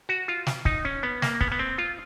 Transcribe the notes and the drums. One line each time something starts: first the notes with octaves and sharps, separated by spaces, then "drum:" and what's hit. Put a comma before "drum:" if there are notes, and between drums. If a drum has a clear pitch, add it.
F#4
F4
drum: snare
D#4, drum: kick
C#4
B3
A#3, drum: snare
B3, drum: kick
B3
C4
F4